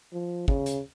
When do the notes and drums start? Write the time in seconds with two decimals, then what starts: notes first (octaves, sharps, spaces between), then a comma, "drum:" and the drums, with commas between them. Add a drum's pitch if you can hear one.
0.13 F3
0.48 C#3, drum: kick
0.66 drum: hi-hat